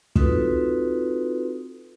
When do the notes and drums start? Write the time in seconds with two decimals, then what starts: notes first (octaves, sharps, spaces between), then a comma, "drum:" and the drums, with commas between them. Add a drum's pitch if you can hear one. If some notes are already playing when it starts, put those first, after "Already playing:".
0.16 C4 D#4 F4 F#4 A4 B4, drum: kick